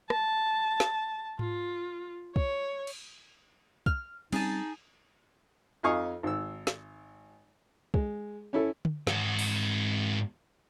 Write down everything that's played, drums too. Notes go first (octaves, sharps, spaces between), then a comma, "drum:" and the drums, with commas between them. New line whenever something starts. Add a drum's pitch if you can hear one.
A5, drum: rim click
drum: snare
F4, drum: tom G#2
C#5, drum: kick
drum: cymbal
F6, drum: kick
G3 C4 C#4 D#4 G#4 A5, drum: cymbal
F2 D#4 F5 G#5 C#6 D#6
G#1 E6
drum: snare
G#3, drum: kick
C#4 E4 A4
drum: tom
G#2 F#4, drum: snare
drum: open hi-hat